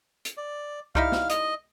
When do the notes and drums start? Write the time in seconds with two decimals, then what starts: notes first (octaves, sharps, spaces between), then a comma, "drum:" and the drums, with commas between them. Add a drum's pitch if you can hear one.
0.25 drum: hi-hat
0.37 D5
0.95 G3 D#4 E4 F5, drum: kick C2
1.12 drum: snare
1.30 D#5, drum: hi-hat